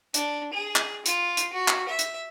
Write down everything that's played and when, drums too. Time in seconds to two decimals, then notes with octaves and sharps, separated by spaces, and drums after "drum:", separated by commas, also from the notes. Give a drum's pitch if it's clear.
0.14 D4, drum: hi-hat
0.54 G#4
0.76 drum: clap
1.06 F4, drum: hi-hat
1.37 drum: hi-hat
1.53 F#4
1.68 drum: clap
1.89 E5
1.99 drum: hi-hat